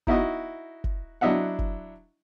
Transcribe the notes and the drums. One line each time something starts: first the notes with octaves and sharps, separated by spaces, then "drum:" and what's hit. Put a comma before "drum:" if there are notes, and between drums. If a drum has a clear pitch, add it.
D#4 E4 F#4 D#5, drum: kick
drum: kick
F#3 D4 E4 D#5 E5 F#5
drum: kick